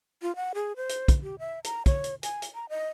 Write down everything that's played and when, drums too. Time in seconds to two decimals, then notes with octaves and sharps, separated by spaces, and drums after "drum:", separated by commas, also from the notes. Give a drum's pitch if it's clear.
0.22 F4
0.36 F#5
0.55 G#4
0.76 C5
0.89 drum: hi-hat
1.08 drum: kick, hi-hat
1.23 G4
1.39 E5
1.64 A#5, drum: hi-hat
1.86 C#5, drum: kick, hi-hat
2.04 drum: hi-hat
2.23 G#5, drum: hi-hat
2.42 drum: hi-hat
2.55 A#5
2.69 D#5